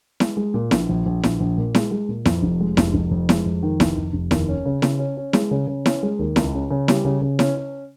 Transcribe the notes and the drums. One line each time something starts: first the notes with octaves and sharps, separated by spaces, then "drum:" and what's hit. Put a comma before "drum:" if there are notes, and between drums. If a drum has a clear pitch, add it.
G#3, drum: snare E4
G#3
A#2
A#1, drum: snare E4
A#1
A#1
A#1, drum: snare E4
A#1
A#2
G#3, drum: snare E4
G#3
A#2
F2, drum: snare E4
F1
G#3
F1, drum: snare E4
F1
F2
G#3, drum: snare E4
F2
D#3
F1, drum: snare E4
F1
F1
D#2, drum: snare E4
C#4
C#3
C#3, drum: snare E4
C#4
C#4
G#3, drum: snare E4
C#3
C#3
C#4, drum: snare E4
G#3
D#2
C#2, drum: snare E4
C#3
C#3
G3, drum: snare E4
C#3
C#3
C#4, drum: snare E4
C#4